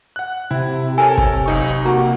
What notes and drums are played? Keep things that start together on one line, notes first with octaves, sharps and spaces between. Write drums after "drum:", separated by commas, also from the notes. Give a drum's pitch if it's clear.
F#5 F#6
C3 E4
A4 A#4 C#5 G#5
drum: kick
B1 D#4 C#6
A#3 F#4 A#5 C#6